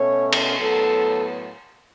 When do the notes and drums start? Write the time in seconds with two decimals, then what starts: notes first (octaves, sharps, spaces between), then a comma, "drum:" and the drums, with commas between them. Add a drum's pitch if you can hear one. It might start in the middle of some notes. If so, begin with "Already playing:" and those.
Already playing: B2 A3 C#4 C#5
0.33 drum: cymbal
0.59 A2 F#3 B3 A4